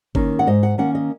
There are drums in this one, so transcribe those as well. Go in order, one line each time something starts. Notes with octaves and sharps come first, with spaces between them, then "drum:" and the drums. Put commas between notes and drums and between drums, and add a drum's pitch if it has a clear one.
D#3 A#3 C#4, drum: kick G1
F#5
G#2 D#5
F#5
D#3 A#3 C#4 F#5
D#5